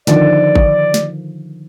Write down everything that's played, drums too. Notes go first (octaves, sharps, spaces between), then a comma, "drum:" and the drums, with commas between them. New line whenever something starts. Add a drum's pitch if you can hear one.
D3 D#3 F3 D5, drum: snare
drum: kick G#1
drum: snare